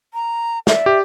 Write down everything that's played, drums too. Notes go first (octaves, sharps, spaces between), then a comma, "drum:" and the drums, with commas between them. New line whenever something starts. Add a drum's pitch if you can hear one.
A#5
D5 E5, drum: snare
G4